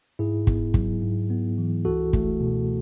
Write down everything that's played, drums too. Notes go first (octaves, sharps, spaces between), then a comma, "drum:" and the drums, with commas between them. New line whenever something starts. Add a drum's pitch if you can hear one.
G#2 E4 G#4
B3, drum: kick
F#3, drum: kick
G#2
B3
E3
C#2 F#4 A4
A3, drum: kick
B2